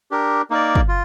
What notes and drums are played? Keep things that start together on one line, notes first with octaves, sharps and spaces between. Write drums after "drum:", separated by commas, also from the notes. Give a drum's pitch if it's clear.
D4 G4 A#4
A#3 D#4 A#4 D5
drum: kick
F4